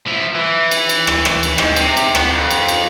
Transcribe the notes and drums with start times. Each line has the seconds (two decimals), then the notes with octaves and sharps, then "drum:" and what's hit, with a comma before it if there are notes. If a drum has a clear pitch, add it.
0.07 F3 E4
0.34 E3
0.71 drum: cymbal
0.89 drum: cymbal
1.07 drum: rim click
1.25 drum: rim click
1.43 drum: cymbal
1.58 G#2, drum: rim click
1.76 C3, drum: cymbal
1.97 drum: cymbal
2.15 B3, drum: rim click
2.30 F2
2.51 drum: cymbal
2.68 drum: cymbal